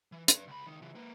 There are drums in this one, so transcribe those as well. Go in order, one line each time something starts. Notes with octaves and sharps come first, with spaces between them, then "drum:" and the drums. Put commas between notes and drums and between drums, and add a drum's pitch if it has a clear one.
E3
B4 D5, drum: hi-hat
C#2 B5
C#2 D#3
C#3 E3
A#3 B4